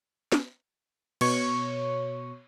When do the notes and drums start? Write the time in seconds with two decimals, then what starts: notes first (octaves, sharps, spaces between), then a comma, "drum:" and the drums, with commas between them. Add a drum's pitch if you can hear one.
0.32 drum: snare
1.21 B2 C#5 C#6, drum: cymbal